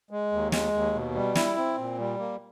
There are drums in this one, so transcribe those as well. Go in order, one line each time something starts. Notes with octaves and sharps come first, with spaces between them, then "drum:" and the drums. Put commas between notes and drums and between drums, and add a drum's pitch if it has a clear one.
G#3
D#2
G#3, drum: snare
D#2
B2
G3
E4, drum: snare
C4
A#2
G3
A#3